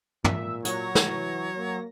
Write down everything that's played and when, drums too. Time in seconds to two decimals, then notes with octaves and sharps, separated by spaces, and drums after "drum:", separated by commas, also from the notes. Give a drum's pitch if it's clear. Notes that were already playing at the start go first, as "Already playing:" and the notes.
0.24 A#2 E5, drum: tom
0.65 F#3 C#5 A#6, drum: hi-hat
0.95 drum: snare
1.05 E3
1.57 A#3